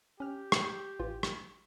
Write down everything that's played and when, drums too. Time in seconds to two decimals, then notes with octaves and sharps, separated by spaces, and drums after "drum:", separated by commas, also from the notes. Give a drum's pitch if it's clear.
0.20 C#4 G4 F6
0.52 drum: rim click
0.99 A1 E3 F4
1.23 drum: rim click